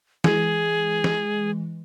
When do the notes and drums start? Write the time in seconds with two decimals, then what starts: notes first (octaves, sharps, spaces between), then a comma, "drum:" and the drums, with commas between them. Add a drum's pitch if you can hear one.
0.24 E3 G#3 G#4, drum: snare
1.04 drum: snare